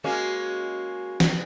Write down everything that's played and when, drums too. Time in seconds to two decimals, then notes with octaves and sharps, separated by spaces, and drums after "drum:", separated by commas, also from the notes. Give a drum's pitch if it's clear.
0.04 G#3 A#3 C#4 F#4
1.20 drum: snare